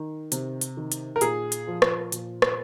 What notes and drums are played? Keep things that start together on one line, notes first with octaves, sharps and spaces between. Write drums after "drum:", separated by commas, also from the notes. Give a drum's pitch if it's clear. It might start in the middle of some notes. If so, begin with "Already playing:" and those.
Already playing: D#3
C3, drum: hi-hat
drum: hi-hat
D#3
drum: hi-hat
A#4
A#2 G#4, drum: hi-hat
drum: hi-hat
F3
drum: rim click
A#2, drum: hi-hat
drum: rim click